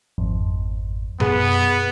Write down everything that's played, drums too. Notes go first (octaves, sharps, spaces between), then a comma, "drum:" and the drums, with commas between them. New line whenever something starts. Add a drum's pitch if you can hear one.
G#1 F2
F#2 B3 G#4, drum: tom B2